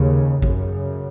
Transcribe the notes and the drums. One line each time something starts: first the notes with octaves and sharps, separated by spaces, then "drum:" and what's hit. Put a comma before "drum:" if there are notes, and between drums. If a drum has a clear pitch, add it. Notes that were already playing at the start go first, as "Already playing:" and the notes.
Already playing: D#2 C#3
F#2 C#3, drum: kick A1